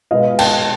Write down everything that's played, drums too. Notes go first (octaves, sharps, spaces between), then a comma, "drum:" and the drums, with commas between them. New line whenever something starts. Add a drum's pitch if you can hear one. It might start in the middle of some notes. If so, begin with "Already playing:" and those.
B2 G#3 B3 D#5 F5
G5 A5, drum: cymbal